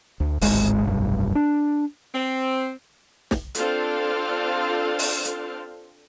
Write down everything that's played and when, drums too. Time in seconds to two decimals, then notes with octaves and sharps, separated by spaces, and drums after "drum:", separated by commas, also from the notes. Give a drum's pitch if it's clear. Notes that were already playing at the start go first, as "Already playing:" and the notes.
0.20 D2
0.41 D1 G#1 G#2 G#3, drum: open hi-hat
0.85 F1 B1 G2
1.35 D4
2.14 C4
3.31 drum: snare
3.55 C4 D4 F4 A4 F5, drum: hi-hat
4.99 drum: open hi-hat
5.25 drum: hi-hat